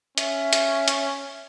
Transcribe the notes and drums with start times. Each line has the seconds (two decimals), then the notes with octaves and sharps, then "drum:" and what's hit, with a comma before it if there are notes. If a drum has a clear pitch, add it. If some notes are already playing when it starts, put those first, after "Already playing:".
0.18 C#4 E5, drum: hi-hat
0.53 drum: hi-hat
0.88 drum: hi-hat